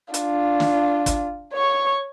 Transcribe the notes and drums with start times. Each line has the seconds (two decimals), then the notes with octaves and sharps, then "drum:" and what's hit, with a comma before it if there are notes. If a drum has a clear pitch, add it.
0.14 D4 F4, drum: hi-hat
0.60 drum: snare
1.06 drum: kick, hi-hat
1.53 C#5 C#6